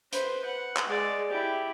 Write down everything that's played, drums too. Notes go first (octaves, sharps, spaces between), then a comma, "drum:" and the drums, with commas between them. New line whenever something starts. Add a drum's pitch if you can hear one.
B4 C5, drum: hi-hat
F#5
drum: clap
G#3 D5
E4 G4